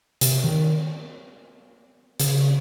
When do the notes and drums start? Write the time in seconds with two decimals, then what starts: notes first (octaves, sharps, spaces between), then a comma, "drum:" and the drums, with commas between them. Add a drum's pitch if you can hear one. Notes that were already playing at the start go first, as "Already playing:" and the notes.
0.21 C3, drum: hi-hat
0.44 D#3
2.20 C#3, drum: hi-hat